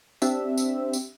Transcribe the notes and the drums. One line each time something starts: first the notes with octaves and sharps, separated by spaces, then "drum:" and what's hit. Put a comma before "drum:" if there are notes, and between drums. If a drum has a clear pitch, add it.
C4 D4 G4 E5, drum: tambourine
drum: tambourine
drum: tambourine